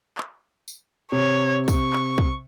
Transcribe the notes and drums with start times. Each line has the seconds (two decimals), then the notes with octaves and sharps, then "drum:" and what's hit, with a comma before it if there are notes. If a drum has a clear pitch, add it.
0.18 drum: clap
0.68 drum: tambourine
1.12 C3 C#5
1.68 C#6, drum: kick, tambourine
1.93 drum: clap
2.18 drum: kick